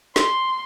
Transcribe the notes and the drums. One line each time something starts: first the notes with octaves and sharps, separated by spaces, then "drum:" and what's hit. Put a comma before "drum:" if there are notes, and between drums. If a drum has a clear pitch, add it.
C6, drum: snare